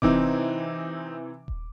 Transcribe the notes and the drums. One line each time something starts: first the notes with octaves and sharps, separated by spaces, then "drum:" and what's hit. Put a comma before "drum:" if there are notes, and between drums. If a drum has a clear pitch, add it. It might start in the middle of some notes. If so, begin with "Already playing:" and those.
C3 E3 C4 D#4 D6, drum: kick D#1
drum: kick D#1